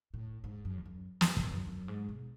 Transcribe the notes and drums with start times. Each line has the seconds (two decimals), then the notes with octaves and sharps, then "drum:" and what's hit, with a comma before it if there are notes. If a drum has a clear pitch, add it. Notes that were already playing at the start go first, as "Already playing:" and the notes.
0.14 A2
0.44 G#2
0.65 F#2
0.78 E2
0.86 F#2
1.21 F#2, drum: snare
1.37 E3, drum: kick
1.51 F#2
1.67 F#2
1.88 G#2
2.09 B2